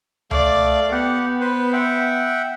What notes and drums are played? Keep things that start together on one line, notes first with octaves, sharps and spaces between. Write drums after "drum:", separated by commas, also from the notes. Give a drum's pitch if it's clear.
A3 D5 F5, drum: tom C#2
B3 G4 F#5
B4 C5
E5 F#5 G5